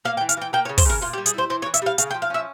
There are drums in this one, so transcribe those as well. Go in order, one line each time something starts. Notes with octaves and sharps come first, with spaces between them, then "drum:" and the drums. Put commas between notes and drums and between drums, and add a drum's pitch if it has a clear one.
A#3 F5
G5
E3
F5, drum: hi-hat
E3 G5
A#3 G5
C#5
C#3
C5, drum: kick, open hi-hat
C#3 A#4
A#2 F4
G4
G3
G#4, drum: hi-hat
E4 C5
E3 C5
C#5
E3
E5, drum: hi-hat
G3 F5
C#3 F5, drum: hi-hat
G5
F3
F5
C#4 E5